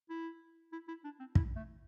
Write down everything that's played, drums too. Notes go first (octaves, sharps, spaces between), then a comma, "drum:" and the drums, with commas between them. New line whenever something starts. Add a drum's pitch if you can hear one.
E4
E4
E4
D4
C4
E4, drum: kick
A3